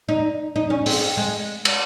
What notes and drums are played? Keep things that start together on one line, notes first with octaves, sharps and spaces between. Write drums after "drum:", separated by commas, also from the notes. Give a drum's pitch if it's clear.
D#4
D#4
C#4
C4, drum: open hi-hat
G#3
drum: cymbal